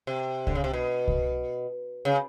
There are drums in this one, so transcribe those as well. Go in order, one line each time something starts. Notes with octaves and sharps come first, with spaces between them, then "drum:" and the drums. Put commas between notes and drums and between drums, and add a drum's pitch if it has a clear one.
C3
D3, drum: kick C2
C#3
C3
B2
drum: kick C2
C#3